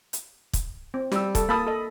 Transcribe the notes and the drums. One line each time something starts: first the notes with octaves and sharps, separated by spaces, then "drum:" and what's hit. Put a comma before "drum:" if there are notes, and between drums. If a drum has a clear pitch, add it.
drum: hi-hat
drum: kick, hi-hat
C4
G3 E6, drum: snare
A4, drum: kick, hi-hat
A#3 A5 B5 D#6
A4 D#5